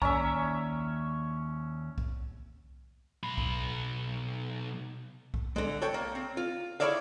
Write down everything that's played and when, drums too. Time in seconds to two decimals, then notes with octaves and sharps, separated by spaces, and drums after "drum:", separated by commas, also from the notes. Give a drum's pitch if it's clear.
0.02 D#2 C#4 D5 E5 A#5, drum: kick B1
1.98 drum: kick B1
3.24 B1 B5
3.38 drum: kick B1
5.34 drum: kick B1
5.56 D3 G#3
5.82 A4 C#5 G5
5.94 A#3
6.15 C4
6.37 F4
6.80 E4 G#4 C#5 D5 E5 F5